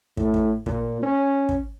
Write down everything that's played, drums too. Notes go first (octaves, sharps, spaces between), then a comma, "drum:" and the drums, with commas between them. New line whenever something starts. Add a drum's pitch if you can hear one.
A2, drum: kick
drum: kick
A#2, drum: kick
C#4
drum: kick